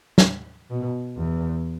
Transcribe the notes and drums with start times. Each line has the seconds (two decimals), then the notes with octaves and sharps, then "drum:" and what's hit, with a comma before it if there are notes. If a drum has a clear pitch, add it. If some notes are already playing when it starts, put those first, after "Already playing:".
0.18 drum: snare
0.70 B2
1.17 E2